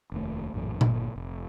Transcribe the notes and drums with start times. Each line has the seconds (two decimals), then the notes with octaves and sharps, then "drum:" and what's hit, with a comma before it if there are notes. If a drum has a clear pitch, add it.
0.12 F1 D#2 A3
0.54 A#1 F#2 A2 E3
0.81 G1 A#2, drum: tom A#2
1.16 F1